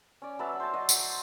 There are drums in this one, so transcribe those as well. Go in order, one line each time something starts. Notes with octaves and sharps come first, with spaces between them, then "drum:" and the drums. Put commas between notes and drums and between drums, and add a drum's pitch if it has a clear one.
C#4 D5
F#3 B4 E5 A5
C5 A5
F#4 D#5
drum: tambourine